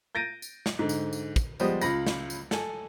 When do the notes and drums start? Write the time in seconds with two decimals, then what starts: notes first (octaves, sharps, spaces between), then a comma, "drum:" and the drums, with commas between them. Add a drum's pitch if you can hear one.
0.15 G6 A6 A#6 D7 D#7
0.42 drum: tambourine
0.66 drum: snare
0.79 G#2 D3
0.89 drum: tambourine
1.13 drum: tambourine
1.36 drum: kick, tambourine
1.60 F3 G3 G#3 B3 C5 D#5, drum: tambourine
1.82 C#2 F4 B5 A#6, drum: tambourine
2.06 drum: snare
2.30 drum: tambourine
2.51 A4 G#5, drum: snare